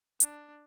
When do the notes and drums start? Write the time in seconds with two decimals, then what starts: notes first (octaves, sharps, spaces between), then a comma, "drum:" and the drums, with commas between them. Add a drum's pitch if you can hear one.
0.20 D4, drum: hi-hat